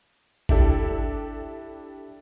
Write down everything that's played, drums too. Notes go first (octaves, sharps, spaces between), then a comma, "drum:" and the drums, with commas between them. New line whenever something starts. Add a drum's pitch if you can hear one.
D4 E4 G4 A4, drum: kick G1